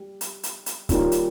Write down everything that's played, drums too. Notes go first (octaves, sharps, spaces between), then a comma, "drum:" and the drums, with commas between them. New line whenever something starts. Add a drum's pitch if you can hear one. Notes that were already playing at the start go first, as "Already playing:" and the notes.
Already playing: G3
drum: hi-hat
drum: hi-hat
drum: hi-hat
D#3 G3 A#3 C#4 F4, drum: kick C#1, hi-hat
drum: hi-hat